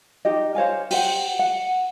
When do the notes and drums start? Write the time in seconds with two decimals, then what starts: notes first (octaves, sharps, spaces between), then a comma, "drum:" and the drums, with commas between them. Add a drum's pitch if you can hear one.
0.25 D#4 G4 D#5
0.55 C5 C#5 F5 G#5
0.91 G4 C5 F#5, drum: open hi-hat
1.39 F#5